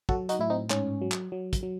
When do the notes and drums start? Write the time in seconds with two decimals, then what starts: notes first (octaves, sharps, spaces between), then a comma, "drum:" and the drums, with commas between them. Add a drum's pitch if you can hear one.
0.09 F#3 F#4 A4, drum: kick
0.29 D#4 F#4, drum: hi-hat
0.39 A2 E4
0.50 C4 D#4
0.70 G#2 C#4, drum: clap
1.02 F#3
1.12 drum: clap
1.32 F#3
1.53 drum: kick, hi-hat
1.63 F#3